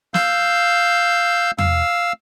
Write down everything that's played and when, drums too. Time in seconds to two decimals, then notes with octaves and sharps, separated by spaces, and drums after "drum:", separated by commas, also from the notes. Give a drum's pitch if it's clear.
0.14 F5 E6 G6, drum: snare
1.58 F5 E6, drum: tom E2